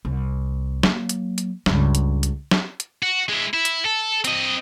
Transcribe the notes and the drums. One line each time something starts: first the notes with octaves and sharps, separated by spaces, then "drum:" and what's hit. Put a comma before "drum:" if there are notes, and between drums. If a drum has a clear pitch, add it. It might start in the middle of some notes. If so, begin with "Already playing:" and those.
C2
F#3 A#3, drum: snare
drum: hi-hat
drum: hi-hat
C#2 G2, drum: snare
drum: hi-hat
drum: hi-hat
drum: snare
drum: hi-hat
F#4
G#3 E4
E4
drum: hi-hat
A4
C4 D#5, drum: hi-hat